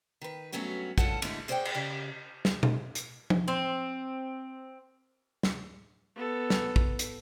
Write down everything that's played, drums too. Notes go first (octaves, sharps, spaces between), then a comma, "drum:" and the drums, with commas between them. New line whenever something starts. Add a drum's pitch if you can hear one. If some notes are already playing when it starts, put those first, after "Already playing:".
D#3 B4
G2 F#3 A3 B3 C#4 F#4
G2 C#4 F4 A4 F#5 A5, drum: kick
D3 G#3 A3 E4, drum: cymbal
G#4 C5 D5 D#5 F#5 G5
drum: cymbal
C#3 G4 D5
drum: snare
drum: tom B2
drum: hi-hat
drum: tom F3
C4
drum: snare
B3 A4
drum: snare
drum: kick
drum: hi-hat